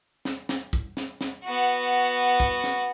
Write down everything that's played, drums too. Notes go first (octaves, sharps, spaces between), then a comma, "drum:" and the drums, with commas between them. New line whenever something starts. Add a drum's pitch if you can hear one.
drum: snare
drum: snare
drum: kick
drum: snare
drum: snare
B3 F#4
drum: kick
drum: snare